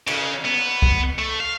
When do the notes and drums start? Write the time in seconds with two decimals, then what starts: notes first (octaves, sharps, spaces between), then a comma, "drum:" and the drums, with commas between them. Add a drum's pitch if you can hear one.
0.07 C#3, drum: cymbal
0.45 B3
0.82 drum: kick C2
1.19 A3
1.40 F5